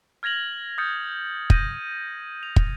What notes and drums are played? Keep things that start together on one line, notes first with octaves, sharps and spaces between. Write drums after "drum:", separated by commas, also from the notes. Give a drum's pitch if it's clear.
F6 G#6 A#6 F7 F#7
D#6 F6 G6 A6 A#6 C#7
G6 A#6 D#7, drum: kick
F7
drum: kick